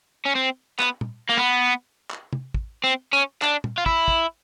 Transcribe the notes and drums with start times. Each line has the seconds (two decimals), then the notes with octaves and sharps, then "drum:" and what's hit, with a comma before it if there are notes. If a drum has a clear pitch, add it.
0.26 C#4
0.36 C4
0.80 B3, drum: clap
1.01 drum: tom
1.30 A#3
1.38 B3
2.11 drum: clap
2.33 drum: tom
2.54 drum: kick
2.84 C4
3.13 C#4
3.42 D4, drum: clap
3.64 drum: tom
3.78 F4
3.86 E4, drum: kick
4.08 drum: kick